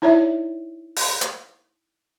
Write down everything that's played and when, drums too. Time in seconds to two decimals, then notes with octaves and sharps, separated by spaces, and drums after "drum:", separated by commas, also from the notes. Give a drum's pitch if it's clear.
0.02 D#4 E4 C#5 D5 E5
0.96 drum: open hi-hat
1.21 drum: hi-hat